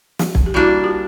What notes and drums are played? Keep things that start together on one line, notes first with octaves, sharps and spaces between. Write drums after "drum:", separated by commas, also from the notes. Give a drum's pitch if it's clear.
drum: snare
drum: kick
G4
G3 A#3 D4 E4 F#4
F4 G4